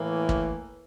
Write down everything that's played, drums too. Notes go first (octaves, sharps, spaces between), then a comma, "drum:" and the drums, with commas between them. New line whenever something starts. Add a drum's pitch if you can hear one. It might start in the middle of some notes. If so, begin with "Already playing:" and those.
Already playing: A2 E3 A#3
drum: kick